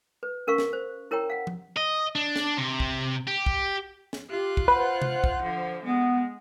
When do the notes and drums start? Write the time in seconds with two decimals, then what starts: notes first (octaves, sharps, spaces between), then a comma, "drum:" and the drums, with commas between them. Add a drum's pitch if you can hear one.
0.23 B4
0.47 C#4 A#4 F5 C#6
0.58 drum: snare
0.73 C5
1.11 E4 A#4 C#5 G5 A#5
1.30 F5 F#5
1.47 drum: tom F3
1.77 D#5
2.16 D4
2.36 drum: snare
2.58 C3
2.80 drum: kick
3.27 G4
3.46 drum: kick
4.13 drum: snare
4.30 F4 G4 F#6
4.57 drum: kick
4.68 B4 C5 F#5
5.02 drum: tom C3
5.24 drum: kick
5.41 D3 F3
5.83 G#3 B3